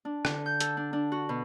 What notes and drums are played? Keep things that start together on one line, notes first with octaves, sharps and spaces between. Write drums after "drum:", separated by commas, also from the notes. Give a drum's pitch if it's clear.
D4
D3, drum: rim click
G6
A4, drum: hi-hat
D4
D4
F#4
B2